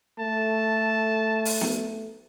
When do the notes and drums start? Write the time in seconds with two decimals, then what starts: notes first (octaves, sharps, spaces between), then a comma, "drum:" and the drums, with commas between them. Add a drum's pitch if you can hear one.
0.19 A3 A5
1.45 drum: open hi-hat
1.61 drum: snare B3